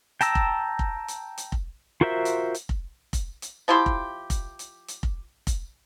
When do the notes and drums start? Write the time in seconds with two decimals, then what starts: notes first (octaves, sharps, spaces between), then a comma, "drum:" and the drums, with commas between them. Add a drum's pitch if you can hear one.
0.21 G5 A5 A#5 E6, drum: hi-hat
0.35 drum: kick F1
0.79 drum: kick F1
1.08 drum: hi-hat
1.38 drum: hi-hat
1.52 drum: kick F1
2.01 F4 F#4 A#4 C5 E5
2.25 drum: hi-hat
2.54 drum: hi-hat
2.69 drum: kick F1
3.13 drum: kick F1, hi-hat
3.42 drum: hi-hat
3.68 F3 E4 G4 C6
3.86 drum: kick F1
4.30 drum: kick F1, hi-hat
4.59 drum: hi-hat
4.88 drum: hi-hat
5.03 drum: kick F1
5.47 drum: kick F1, hi-hat